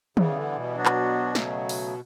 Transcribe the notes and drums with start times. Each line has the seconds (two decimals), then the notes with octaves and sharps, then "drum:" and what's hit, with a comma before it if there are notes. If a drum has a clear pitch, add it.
0.17 C#3 E3 G3 B3 E4, drum: tom
0.36 D3
0.56 B2
0.76 F#3 B3 D4 F#4
0.86 drum: clap
1.35 C#3 F#3 A3, drum: snare
1.69 drum: open hi-hat